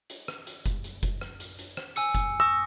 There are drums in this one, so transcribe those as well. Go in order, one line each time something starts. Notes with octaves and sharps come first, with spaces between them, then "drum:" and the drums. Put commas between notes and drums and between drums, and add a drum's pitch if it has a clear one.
drum: hi-hat
drum: rim click
drum: hi-hat
drum: kick F1, hi-hat
drum: hi-hat
drum: kick F1, hi-hat
drum: rim click
drum: hi-hat
drum: hi-hat
drum: rim click
G#5 E6 C#7, drum: hi-hat
drum: kick F1, hi-hat
C#6 D#6 E6 A#6